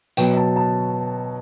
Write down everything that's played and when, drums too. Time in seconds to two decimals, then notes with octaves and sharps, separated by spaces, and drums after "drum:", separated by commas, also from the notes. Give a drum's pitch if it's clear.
0.17 B2 F#3 B3 G5, drum: tambourine
0.37 A5
0.56 A5